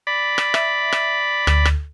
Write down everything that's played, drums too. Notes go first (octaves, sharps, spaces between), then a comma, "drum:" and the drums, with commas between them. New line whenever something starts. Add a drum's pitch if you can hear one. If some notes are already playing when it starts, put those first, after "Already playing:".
D5 B5
drum: rim click
E5, drum: rim click
drum: rim click
D2, drum: rim click
drum: rim click